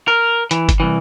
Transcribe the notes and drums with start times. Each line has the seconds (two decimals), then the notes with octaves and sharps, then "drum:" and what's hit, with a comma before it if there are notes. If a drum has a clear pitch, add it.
0.08 A#4
0.51 E3, drum: hi-hat
0.69 drum: kick G1, hi-hat
0.80 C2 E3